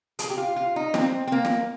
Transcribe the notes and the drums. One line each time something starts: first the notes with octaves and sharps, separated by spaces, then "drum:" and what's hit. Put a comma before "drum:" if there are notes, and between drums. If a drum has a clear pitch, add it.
G#4, drum: hi-hat
G4
F4
F4
D#4
C4, drum: snare
C4
A#3
drum: snare